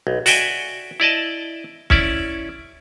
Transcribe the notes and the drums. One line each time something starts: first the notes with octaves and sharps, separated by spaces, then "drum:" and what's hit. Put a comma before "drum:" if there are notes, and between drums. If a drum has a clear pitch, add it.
B1
F#4 D5 E5 G5 G#5, drum: open hi-hat
E4 D5 D#5 A5
C#4 E4 D5, drum: kick